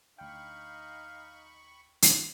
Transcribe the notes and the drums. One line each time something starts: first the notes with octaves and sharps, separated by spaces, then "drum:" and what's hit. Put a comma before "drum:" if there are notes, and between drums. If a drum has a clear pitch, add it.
D2 D#4 F5 G5 B5 C#6
drum: hi-hat